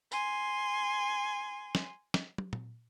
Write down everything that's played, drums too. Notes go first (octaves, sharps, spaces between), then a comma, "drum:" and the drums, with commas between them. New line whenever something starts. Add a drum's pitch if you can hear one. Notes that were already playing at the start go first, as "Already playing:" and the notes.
G#5 C6, drum: tambourine
drum: snare
drum: snare
drum: tom
drum: tom